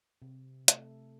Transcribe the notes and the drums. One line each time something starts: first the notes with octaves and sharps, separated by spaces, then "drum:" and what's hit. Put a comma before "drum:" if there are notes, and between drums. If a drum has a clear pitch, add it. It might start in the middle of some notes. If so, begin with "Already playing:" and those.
C3
A3, drum: hi-hat